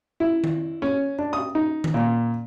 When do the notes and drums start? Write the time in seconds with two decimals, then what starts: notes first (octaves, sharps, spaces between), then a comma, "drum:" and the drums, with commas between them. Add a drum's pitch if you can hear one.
0.20 E4
0.44 drum: tom D#3
0.82 C#4
1.19 D4
1.33 D#6
1.55 D#4
1.84 drum: tom D#3
1.94 A#2